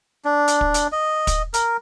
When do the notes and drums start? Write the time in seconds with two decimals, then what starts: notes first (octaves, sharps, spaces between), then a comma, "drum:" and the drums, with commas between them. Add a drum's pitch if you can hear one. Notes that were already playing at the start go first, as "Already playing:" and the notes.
0.25 D4
0.48 drum: hi-hat
0.61 drum: kick
0.74 drum: hi-hat
0.92 D#5
1.27 drum: kick, hi-hat
1.54 A#4, drum: hi-hat